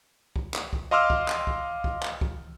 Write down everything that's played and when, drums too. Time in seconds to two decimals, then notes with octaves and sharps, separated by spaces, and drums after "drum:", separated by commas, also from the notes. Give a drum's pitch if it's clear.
0.36 drum: kick C2
0.54 drum: clap
0.73 drum: kick C2
0.91 D#5 F5 C6 D6 E6 F6
1.10 drum: kick C2
1.28 drum: clap
1.47 drum: kick C2
1.84 drum: kick C2
2.03 drum: clap
2.21 drum: kick C2